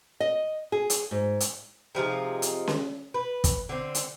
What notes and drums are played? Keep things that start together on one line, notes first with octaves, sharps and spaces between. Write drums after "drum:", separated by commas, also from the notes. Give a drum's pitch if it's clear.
D#5
G#4
drum: hi-hat
G#2
drum: hi-hat
C3 F3 D#4 G#4
drum: hi-hat
drum: snare C#4
B4
drum: kick, hi-hat
D3 C4
drum: hi-hat